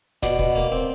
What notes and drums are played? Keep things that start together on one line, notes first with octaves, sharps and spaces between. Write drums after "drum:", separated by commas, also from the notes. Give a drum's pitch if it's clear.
B2 D5, drum: snare E1
B2, drum: kick D1
A#3
C4